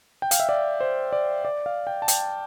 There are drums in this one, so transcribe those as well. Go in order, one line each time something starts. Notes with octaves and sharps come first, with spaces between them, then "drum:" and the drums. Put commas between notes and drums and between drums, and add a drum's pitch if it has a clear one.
G5
F5, drum: hi-hat
E5
D5
C5
D5
D5
F5
G5
A5
G5, drum: hi-hat